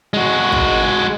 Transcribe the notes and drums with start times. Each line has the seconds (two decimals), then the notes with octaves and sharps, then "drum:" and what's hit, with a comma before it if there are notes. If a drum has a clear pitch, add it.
0.13 G#3 F#4
0.52 drum: kick